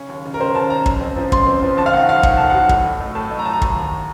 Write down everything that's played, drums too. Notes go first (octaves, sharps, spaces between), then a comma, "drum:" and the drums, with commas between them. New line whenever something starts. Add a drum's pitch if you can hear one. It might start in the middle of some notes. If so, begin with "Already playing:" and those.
Already playing: C#3 C#4
D#2
C#3
A#4
C#3 C5
D#2 A5
C#3 A#5
F#2, drum: kick
C4
F3
F#2 C6, drum: kick
C4
F3
D#2 A5
F5
D#3 F#5
D#2 F5
D#3 F#5, drum: kick
F1 A5
F#3 F#5
A2, drum: kick
A2
A3
A2 A5
A3
A#5
A2 A5
A#5
D#2, drum: kick
D#2